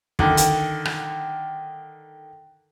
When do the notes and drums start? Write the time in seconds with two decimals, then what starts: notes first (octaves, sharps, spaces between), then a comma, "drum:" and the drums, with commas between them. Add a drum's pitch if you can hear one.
0.19 D3 D#3, drum: kick
0.37 drum: hi-hat
0.85 drum: rim click